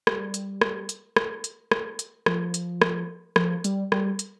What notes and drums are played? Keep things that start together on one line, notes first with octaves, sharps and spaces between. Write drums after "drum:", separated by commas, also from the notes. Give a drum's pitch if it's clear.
G3, drum: rim click
drum: hi-hat
drum: rim click
drum: hi-hat
drum: rim click
drum: hi-hat
drum: rim click
drum: hi-hat
F3, drum: rim click
drum: hi-hat
drum: rim click
F3, drum: rim click
G3, drum: hi-hat
G3, drum: rim click
drum: hi-hat